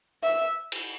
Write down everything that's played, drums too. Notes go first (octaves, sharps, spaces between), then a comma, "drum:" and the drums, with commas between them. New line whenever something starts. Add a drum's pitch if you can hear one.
E5
drum: cymbal